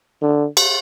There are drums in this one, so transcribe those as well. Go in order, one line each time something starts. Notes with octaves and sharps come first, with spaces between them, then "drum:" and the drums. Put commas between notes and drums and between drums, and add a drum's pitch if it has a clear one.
D3
drum: cymbal